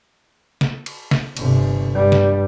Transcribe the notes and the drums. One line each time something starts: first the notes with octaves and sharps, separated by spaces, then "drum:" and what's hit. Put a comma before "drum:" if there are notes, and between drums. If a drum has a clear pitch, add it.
drum: snare
drum: cymbal
drum: snare
G1 C3, drum: cymbal
G2 G3
drum: snare